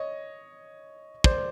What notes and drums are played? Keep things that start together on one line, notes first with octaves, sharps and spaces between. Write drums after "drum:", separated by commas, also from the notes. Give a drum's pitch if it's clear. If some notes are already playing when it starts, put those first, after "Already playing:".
Already playing: C#5 D#5
C5 D5, drum: kick